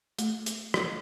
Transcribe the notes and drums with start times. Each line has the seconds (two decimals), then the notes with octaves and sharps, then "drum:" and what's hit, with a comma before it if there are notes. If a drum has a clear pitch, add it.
0.19 A3, drum: hi-hat
0.46 drum: hi-hat
0.74 drum: rim click